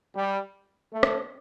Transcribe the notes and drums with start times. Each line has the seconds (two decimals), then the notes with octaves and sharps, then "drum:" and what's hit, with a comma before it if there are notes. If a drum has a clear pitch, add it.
0.16 G3
0.93 A3
1.03 drum: rim click